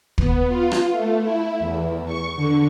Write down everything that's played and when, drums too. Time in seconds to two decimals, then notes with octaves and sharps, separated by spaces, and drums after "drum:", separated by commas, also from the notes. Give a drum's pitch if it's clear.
0.18 B3, drum: kick
0.48 F4
0.72 drum: rim click
0.92 A3
1.22 E4
1.60 E2
2.06 C#6
2.36 D3